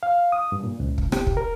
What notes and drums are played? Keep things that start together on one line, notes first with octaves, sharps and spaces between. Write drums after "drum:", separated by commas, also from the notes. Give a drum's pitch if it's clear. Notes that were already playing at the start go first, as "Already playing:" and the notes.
F5
D#6
G2
A#2
C#2
drum: kick
G4, drum: rim click
drum: kick
A#4